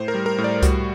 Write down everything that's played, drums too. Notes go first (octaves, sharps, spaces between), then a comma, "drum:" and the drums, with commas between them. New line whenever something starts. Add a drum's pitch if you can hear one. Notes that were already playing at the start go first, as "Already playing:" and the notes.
Already playing: A2 C5
A#4
G3
A#4
A2
D5
G3 F#4, drum: kick C2, hi-hat